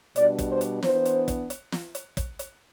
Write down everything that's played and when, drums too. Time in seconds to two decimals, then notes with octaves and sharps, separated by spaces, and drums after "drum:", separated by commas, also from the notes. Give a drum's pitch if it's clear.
0.16 B2 G3 D4 D5, drum: hi-hat
0.39 drum: kick, hi-hat
0.50 C5
0.61 drum: hi-hat
0.83 E3 B3 D4 C5, drum: snare
1.05 drum: hi-hat
1.28 drum: kick, hi-hat
1.50 drum: hi-hat
1.72 drum: snare
1.95 drum: hi-hat
2.17 drum: kick, hi-hat
2.39 drum: hi-hat